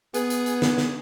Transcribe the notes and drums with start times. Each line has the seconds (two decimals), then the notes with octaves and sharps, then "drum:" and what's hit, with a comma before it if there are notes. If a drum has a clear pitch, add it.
0.14 B3 G#4, drum: hi-hat
0.30 drum: hi-hat
0.46 drum: hi-hat
0.62 drum: snare
0.78 drum: snare